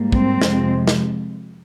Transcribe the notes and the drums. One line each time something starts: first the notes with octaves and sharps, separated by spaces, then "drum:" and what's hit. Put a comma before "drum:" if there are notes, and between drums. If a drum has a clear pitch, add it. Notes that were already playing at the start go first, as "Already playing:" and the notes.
Already playing: G#2 G3 A#3
C4, drum: kick
F2 C3 F3 G#3, drum: snare
drum: snare